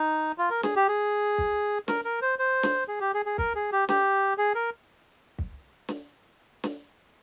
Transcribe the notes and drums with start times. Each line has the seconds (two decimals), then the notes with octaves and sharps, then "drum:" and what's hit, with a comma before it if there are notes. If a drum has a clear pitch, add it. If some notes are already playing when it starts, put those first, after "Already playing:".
Already playing: D#4
0.38 F4
0.50 A#4
0.63 G#4, drum: snare
0.76 G4
0.88 G#4
1.38 drum: kick
1.88 A#4, drum: snare
2.05 A#4
2.22 C5
2.39 C5
2.63 drum: snare
2.88 G#4
3.00 G4
3.14 G#4
3.26 G#4
3.38 A#4, drum: kick
3.55 G#4
3.72 G4
3.89 G4, drum: snare
4.38 G#4
4.55 A#4
5.39 drum: kick
5.89 drum: snare
6.64 drum: snare